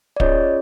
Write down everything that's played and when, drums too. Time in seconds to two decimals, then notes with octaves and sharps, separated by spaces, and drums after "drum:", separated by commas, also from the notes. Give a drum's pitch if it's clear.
0.17 D5
0.20 C#4 F4 G#4 C#5 D#5, drum: kick